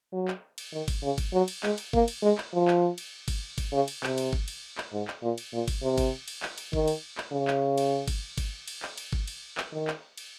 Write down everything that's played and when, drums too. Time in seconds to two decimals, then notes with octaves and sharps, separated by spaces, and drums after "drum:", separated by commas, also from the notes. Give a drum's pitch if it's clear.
0.12 F#3
0.28 drum: clap
0.58 drum: cymbal
0.73 D#3
0.88 drum: kick G1, cymbal
1.03 C#3
1.18 drum: kick G1, cymbal
1.33 F#3
1.48 drum: cymbal
1.63 G#3, drum: clap
1.78 drum: cymbal
1.93 A#3, drum: kick G1
2.08 drum: cymbal
2.22 G#3
2.38 drum: clap
2.53 F3
2.68 drum: clap
2.98 drum: cymbal
3.28 drum: kick G1, cymbal
3.58 drum: kick G1, cymbal
3.73 C#3
3.88 drum: cymbal
4.03 C3, drum: clap
4.18 drum: cymbal
4.33 drum: kick G1
4.48 drum: cymbal
4.78 drum: clap
4.93 G#2
5.08 drum: clap
5.22 A#2
5.38 drum: cymbal
5.53 A#2
5.68 drum: kick G1, cymbal
5.83 C3
5.98 drum: kick G1, cymbal
6.28 drum: cymbal
6.43 drum: clap
6.58 drum: cymbal
6.73 D#3, drum: kick G1
6.88 drum: cymbal
7.18 drum: clap
7.32 C#3
7.48 drum: clap
7.78 drum: cymbal
8.08 drum: kick G1, cymbal
8.38 drum: kick G1, cymbal
8.68 drum: cymbal
8.83 drum: clap
8.98 drum: cymbal
9.13 drum: kick G1
9.28 drum: cymbal
9.58 drum: clap
9.72 D#3
9.88 drum: clap
10.17 drum: cymbal